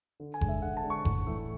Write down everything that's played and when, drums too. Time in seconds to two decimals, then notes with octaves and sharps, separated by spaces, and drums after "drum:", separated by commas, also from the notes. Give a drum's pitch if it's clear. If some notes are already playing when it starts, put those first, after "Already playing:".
0.20 D3
0.34 G#5
0.41 G#3 D4, drum: kick F#1
0.48 E5
0.62 D3 F#5
0.77 A5
0.84 G#3 D4
0.90 C#6
1.05 A2, drum: kick F#1
1.25 E3 A3 E4